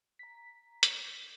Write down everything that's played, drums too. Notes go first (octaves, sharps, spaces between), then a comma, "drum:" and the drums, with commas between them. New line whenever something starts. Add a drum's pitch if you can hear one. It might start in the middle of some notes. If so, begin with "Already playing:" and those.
A#5 B6
drum: hi-hat